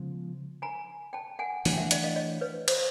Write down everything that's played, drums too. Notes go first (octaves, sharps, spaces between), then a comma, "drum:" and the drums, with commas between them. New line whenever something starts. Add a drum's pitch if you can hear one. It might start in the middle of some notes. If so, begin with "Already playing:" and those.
Already playing: C#3 F3 G#3 B3
G#5 A#5
G5 A5
F#5 G#5
E3 A3 D4, drum: open hi-hat
G5
E5 F#5
D5 E5, drum: hi-hat
D#5 F5
C#5 D#5
B4 C#5
C5, drum: cymbal